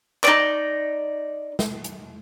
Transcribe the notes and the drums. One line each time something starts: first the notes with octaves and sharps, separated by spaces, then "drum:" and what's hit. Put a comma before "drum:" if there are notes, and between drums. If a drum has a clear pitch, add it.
D#4 D5, drum: clap
drum: snare
drum: hi-hat